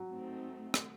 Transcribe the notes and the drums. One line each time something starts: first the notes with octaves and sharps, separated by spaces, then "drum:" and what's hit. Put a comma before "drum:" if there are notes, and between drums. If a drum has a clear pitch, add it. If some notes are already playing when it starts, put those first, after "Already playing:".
Already playing: F#3
A3 C4 D#4
drum: rim click